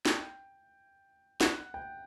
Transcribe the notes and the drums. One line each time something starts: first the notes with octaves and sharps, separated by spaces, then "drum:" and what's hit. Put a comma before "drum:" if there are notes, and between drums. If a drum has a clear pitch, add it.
G5, drum: snare
F#5, drum: snare
G5